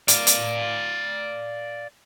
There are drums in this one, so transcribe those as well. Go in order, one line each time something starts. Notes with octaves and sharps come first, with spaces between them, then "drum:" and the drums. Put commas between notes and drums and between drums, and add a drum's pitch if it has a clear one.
D5 F5, drum: hi-hat
drum: hi-hat